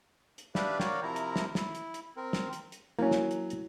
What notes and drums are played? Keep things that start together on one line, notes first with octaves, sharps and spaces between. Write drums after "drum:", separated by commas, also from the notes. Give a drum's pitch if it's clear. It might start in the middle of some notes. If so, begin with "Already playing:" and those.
drum: hi-hat
D4 G4 B4 D5 E5 F5, drum: snare
F#4 A#4 C#5 D5 F5 G5, drum: snare
C3 F3 E4 A#4 A#5
drum: hi-hat
drum: snare
E4, drum: snare
drum: hi-hat
drum: hi-hat
C4 A#4
drum: snare
drum: hi-hat
drum: hi-hat
F#3 A#3 C#4 E4
drum: snare
drum: hi-hat
drum: hi-hat